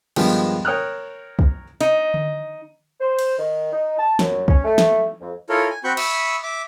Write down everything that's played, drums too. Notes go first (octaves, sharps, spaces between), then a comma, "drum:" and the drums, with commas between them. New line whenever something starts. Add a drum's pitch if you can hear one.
G2 D#3 F3 G#3 B3, drum: cymbal
A#4 C#5 G5 D#6 F6 F#6
drum: kick
D#4, drum: hi-hat
drum: tom D3
C5
drum: cymbal
D#3
D#4
A5
F#2, drum: snare
C#4, drum: kick
A3
drum: snare
F2
E4 F4 A4 A#4 C#5
G#5
C4 F#4 B5 C#6 G6
E5 B5 C#6 D#6 E6, drum: cymbal
E5 D6